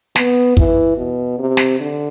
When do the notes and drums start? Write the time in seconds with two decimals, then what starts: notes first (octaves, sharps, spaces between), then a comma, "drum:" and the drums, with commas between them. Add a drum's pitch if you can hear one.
0.16 B3, drum: snare
0.57 E3, drum: kick
0.97 B2
1.38 C3
1.57 drum: snare
1.80 D3